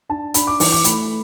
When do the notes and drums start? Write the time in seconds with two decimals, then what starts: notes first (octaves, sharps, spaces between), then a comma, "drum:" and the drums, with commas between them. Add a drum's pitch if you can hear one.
0.09 D4 A5
0.34 D4 B5, drum: hi-hat
0.47 D6
0.60 E3 D6, drum: open hi-hat
0.72 D6
0.84 A3 B5, drum: hi-hat